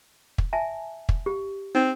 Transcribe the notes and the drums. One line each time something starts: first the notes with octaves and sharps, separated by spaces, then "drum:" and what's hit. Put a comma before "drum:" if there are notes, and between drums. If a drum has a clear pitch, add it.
drum: kick
E5 G#5 A5
drum: kick
G4
C4 D#4